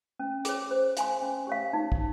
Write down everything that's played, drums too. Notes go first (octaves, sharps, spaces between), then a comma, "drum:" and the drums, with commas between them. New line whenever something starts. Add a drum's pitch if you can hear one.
C#4
G#4 C#5, drum: hi-hat
C5
F5 G#5 C6, drum: hi-hat
C#4
G4 C#5 F5
D#4
drum: kick